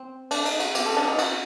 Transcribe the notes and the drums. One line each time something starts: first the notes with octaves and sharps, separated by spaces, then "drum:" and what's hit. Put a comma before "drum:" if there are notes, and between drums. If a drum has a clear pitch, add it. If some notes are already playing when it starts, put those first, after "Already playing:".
Already playing: C4
D4, drum: cymbal
D#4, drum: cymbal
F#4, drum: cymbal
G4, drum: cymbal
A4
D4
D#4
F#4, drum: cymbal